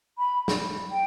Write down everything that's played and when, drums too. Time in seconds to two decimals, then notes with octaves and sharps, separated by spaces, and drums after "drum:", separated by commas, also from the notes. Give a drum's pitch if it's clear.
0.18 B5
0.48 drum: snare
0.91 G5